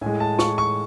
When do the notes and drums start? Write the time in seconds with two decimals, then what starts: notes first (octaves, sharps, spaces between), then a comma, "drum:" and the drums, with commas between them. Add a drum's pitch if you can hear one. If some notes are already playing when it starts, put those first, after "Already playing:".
0.01 A2 G#3 G#5
0.20 A5
0.39 C#6, drum: snare
0.58 C#6